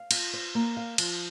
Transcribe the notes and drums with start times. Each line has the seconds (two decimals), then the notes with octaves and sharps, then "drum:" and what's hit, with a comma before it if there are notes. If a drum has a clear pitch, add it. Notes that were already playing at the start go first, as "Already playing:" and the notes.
Already playing: F5
0.11 F4, drum: cymbal
0.33 C5
0.55 A#3
0.77 F5
0.98 F3, drum: cymbal